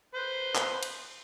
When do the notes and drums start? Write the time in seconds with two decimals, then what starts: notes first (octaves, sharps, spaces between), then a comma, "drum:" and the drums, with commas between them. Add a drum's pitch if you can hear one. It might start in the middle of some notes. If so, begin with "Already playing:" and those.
0.15 B4 C5
0.55 drum: clap
0.83 drum: cymbal